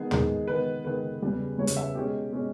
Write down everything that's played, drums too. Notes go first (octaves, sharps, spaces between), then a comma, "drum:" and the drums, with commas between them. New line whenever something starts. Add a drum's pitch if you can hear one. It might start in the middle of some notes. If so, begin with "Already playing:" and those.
Already playing: D#3 G#3 B3 D#4 G#4
D#3 G#3 B3 D#4, drum: tom
D#3 G#3 B3 B4
D#3 G#3 B3 B4
E2 C#3 G3
E2 C#3 G3 C#5
drum: hi-hat
E5
B2 G#3 C#4 G4
B2 G#3 C#4